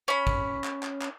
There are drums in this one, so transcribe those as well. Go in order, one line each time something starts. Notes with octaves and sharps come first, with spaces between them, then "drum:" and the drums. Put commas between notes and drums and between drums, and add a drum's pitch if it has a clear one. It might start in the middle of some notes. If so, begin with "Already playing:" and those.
C#4 B5
drum: kick
drum: clap
drum: clap
drum: clap